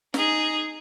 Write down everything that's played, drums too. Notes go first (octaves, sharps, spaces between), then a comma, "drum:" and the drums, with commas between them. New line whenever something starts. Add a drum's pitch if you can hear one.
D#4 G#4, drum: snare